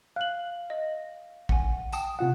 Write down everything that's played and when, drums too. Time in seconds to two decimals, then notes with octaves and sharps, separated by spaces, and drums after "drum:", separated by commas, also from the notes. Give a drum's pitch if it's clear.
0.16 F5 F#6 F#7
0.70 D#5
1.49 F#5 G#5, drum: kick A#1
1.92 G5 A5 D#6, drum: tambourine
2.19 C3 F4 F#5